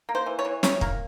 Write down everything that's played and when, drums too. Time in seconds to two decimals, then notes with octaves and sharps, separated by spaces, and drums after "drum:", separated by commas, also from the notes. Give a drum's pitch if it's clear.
0.09 A#3
0.15 C5
0.26 E3
0.39 C#5
0.45 E3
0.63 G3 C#5, drum: snare
0.81 A#3, drum: kick